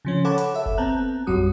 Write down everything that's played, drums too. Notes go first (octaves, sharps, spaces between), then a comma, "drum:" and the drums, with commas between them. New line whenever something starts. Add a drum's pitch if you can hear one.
C#3 F3 C#4
A4 C#5 F#5 A5 B5 D6
drum: hi-hat
A4 E5
drum: kick F1
B3 C4 A5 A#5 F#6
A#1 F#2 G3 F#4 D#6